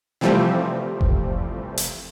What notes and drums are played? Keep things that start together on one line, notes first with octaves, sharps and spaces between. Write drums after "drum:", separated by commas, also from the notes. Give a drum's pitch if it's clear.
C3 E3 F3 G3 A3 C4
drum: kick F1
drum: hi-hat